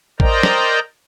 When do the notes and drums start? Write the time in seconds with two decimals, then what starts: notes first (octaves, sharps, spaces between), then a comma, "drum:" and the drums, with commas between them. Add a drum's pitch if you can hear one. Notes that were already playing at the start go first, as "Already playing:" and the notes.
0.20 A#4 C5 D5 D#5 G5 A#5, drum: kick A1
0.43 drum: snare